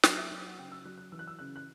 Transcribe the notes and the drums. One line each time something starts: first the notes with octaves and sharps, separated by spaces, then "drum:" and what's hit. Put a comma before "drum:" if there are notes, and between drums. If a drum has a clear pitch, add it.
F#3 D5, drum: snare
E5
F#3
F#5
C#3 G5
E6
F#3 F#6
F#6
E3 E6
F#6
E6
C#3 F#6
F#6